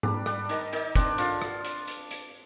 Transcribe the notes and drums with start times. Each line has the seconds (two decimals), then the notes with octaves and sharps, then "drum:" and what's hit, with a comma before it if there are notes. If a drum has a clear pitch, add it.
0.03 G3 D4, drum: tom G#2
0.26 G3 D4, drum: rim click
0.49 D#3 D#4, drum: hi-hat
0.73 D#3 D#4, drum: hi-hat
0.96 C4 D4, drum: kick, hi-hat
1.18 D3 F4, drum: hi-hat
1.42 drum: rim click
1.65 drum: hi-hat
1.88 drum: hi-hat
2.11 drum: hi-hat